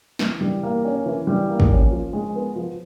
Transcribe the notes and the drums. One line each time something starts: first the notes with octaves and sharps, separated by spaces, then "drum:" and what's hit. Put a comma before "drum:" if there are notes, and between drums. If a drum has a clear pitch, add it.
E3, drum: snare
G3
A#3
C#4
E3
G3
A#3
drum: kick
C#4
F3
G#3
B3
F3